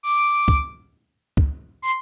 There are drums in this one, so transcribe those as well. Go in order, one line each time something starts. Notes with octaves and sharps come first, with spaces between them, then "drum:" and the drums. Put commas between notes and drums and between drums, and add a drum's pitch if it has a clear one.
D6
drum: kick C#2
drum: kick C#2
C6